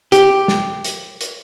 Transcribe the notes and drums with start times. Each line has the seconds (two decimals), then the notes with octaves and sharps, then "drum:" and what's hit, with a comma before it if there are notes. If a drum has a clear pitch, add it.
0.12 G4, drum: hi-hat
0.48 drum: snare
0.84 drum: hi-hat
1.21 drum: hi-hat